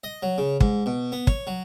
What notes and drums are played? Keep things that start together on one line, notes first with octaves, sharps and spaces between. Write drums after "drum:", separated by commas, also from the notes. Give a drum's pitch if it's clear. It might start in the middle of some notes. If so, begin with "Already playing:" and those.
D#5
F#3
C#3
G#2, drum: kick
B2
B3
C#5, drum: kick
F#3